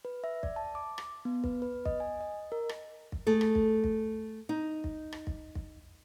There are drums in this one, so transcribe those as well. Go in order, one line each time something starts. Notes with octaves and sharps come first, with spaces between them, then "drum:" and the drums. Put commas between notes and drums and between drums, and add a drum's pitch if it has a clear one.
B4
E5
D5, drum: kick
A5
D6
drum: rim click
B3
B4, drum: kick
B4
D#5, drum: kick
G#5
D#5
A#4
drum: rim click
drum: kick
A3 G#4 A4
drum: rim click
drum: kick
drum: kick
D#4
drum: kick
drum: rim click
drum: kick
drum: kick